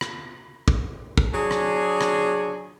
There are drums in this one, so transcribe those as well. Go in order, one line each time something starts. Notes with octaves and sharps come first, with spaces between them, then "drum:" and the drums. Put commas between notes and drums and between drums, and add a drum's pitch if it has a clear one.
drum: rim click
drum: kick
drum: kick
F#3 D4 G#4
drum: rim click
drum: rim click